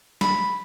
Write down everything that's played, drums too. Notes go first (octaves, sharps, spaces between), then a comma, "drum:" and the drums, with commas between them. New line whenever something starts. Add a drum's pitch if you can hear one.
B5, drum: snare